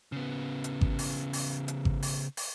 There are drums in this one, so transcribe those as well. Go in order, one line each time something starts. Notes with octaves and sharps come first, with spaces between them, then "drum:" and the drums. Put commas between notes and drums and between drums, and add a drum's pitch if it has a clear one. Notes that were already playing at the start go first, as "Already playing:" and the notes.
C#3 B3
drum: hi-hat
drum: kick G#1
drum: open hi-hat
drum: open hi-hat
drum: hi-hat
drum: kick G#1
drum: open hi-hat
drum: open hi-hat